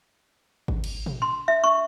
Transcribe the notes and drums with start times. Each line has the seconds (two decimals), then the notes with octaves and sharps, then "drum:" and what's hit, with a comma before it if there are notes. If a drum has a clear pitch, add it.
0.68 drum: kick G#1
0.84 drum: cymbal
1.06 drum: tom
1.22 C6
1.48 E5
1.64 C#6